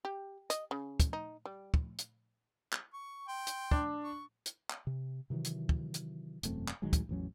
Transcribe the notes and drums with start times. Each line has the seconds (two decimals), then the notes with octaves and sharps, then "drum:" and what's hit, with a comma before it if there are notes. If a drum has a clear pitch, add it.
0.05 G4
0.50 D#5, drum: hi-hat
0.71 C#3
1.00 drum: kick, hi-hat
1.13 D#4
1.45 G3
1.74 drum: kick
1.98 drum: hi-hat
2.73 drum: clap
2.93 C#6
3.28 G5 C6
3.47 drum: hi-hat
3.71 D4, drum: kick
4.04 C#6
4.46 drum: hi-hat
4.70 drum: clap
4.87 C3
5.30 C3 D#3 E3 F#3
5.44 drum: hi-hat
5.69 drum: kick
5.94 drum: hi-hat
6.43 E1 F#2 A3 C4, drum: hi-hat
6.68 drum: clap
6.82 A1 D#3 F#3 G#3
6.93 drum: kick, hi-hat
7.09 A1 E2 F#3 C#4